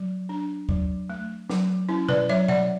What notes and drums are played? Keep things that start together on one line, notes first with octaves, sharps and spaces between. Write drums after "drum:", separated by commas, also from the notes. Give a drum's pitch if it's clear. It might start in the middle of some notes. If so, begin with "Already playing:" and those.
Already playing: F#3
D4
F#3, drum: kick
A3
F#3, drum: snare
C#4 E4
B4 D5, drum: tom A#2
F#3 C#5 E5
D5 F#5, drum: tom A#2